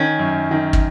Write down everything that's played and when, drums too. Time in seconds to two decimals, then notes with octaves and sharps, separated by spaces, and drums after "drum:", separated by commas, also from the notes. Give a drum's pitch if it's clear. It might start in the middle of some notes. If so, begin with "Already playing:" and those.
Already playing: D#3 C#4
0.19 F#2
0.51 D#3
0.73 drum: kick